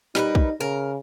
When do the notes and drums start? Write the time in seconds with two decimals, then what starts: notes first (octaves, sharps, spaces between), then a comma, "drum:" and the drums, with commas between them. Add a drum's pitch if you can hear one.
0.15 G3 D#4 A#4 B4, drum: snare
0.35 drum: kick
0.61 C#3 A#4